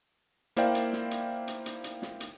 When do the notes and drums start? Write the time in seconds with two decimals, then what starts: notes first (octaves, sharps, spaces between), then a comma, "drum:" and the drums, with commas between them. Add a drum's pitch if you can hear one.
0.57 A#3 E4 C5 D5 F5 G5, drum: hi-hat
0.75 drum: hi-hat
0.93 drum: snare
1.11 drum: hi-hat
1.47 drum: hi-hat
1.66 drum: hi-hat
1.84 drum: hi-hat
2.02 drum: snare
2.20 drum: hi-hat